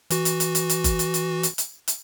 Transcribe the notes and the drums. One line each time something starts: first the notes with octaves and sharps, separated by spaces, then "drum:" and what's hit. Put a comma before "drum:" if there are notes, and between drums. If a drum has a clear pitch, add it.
E3 F#4, drum: hi-hat
drum: hi-hat
drum: hi-hat
drum: hi-hat
drum: hi-hat
drum: kick F#1, hi-hat
drum: hi-hat
drum: hi-hat
drum: hi-hat
drum: hi-hat
drum: hi-hat